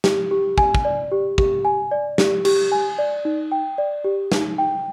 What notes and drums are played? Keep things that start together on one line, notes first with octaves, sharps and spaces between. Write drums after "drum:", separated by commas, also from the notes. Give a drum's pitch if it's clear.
G4, drum: snare
G4
G#5, drum: kick
drum: kick
D5
G4
G4, drum: kick
G#5
D5
G4, drum: snare
G4, drum: cymbal
G#5
D5
D#4
G5
D5
G4
D#4, drum: snare
G5